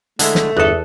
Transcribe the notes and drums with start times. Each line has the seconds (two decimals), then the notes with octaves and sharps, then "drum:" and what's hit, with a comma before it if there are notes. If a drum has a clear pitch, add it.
0.19 D3 G#3 A3 E4, drum: hi-hat
0.35 drum: snare
0.57 G1 E2 A4 E5 D#6 F#6